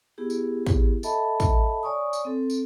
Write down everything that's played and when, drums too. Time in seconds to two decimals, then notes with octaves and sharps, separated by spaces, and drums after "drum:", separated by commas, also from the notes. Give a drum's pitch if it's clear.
0.18 B3 E4 G4 G#4
0.30 drum: tambourine
0.67 drum: kick, tambourine
1.03 A4 D#5 E5 A5 B5, drum: tambourine
1.40 drum: kick, tambourine
1.83 C#5 D5 G#5 C#6 D#6
2.13 drum: tambourine
2.25 C4 A4
2.50 drum: tambourine